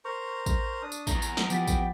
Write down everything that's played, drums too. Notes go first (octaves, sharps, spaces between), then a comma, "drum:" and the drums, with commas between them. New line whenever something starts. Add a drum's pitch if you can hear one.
A#4 C5 A#5 C#6
drum: kick A1, tambourine
D4 D#6
drum: tambourine
E2 G2 A#5, drum: kick A1, tambourine
drum: tambourine
drum: snare
F3 B3 G4 G5 A6 B6, drum: tambourine
drum: kick A1, tambourine